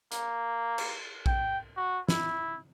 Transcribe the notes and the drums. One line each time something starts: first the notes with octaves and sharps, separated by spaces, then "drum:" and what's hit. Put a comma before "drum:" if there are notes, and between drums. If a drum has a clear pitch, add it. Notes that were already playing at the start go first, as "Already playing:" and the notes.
A#3, drum: hi-hat
drum: cymbal
G5, drum: kick A#1
F#4
E4, drum: snare